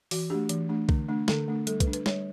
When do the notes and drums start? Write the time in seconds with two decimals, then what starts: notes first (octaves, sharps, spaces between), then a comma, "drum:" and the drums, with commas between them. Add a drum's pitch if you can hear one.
0.11 E3 F#4, drum: open hi-hat
0.30 A3 D4 G4
0.49 E3, drum: hi-hat
0.69 A3 D4
0.89 D3, drum: kick
1.08 A3 D4
1.28 D3 A4, drum: snare
1.48 A3 D4
1.67 G3 A4, drum: hi-hat
1.80 B4, drum: kick, hi-hat
1.87 D4
1.93 B4, drum: hi-hat
2.06 G3 C#5, drum: snare